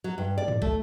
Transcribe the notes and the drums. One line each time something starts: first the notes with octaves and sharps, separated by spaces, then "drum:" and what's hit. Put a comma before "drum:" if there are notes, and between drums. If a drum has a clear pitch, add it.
F#3
G2
D5
drum: tom G#2
A3, drum: kick